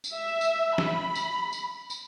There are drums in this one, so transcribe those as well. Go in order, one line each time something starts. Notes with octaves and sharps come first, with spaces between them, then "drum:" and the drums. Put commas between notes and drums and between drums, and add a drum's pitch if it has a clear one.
drum: tambourine
E5
drum: tambourine
B5, drum: snare
drum: tambourine
drum: tambourine
drum: tambourine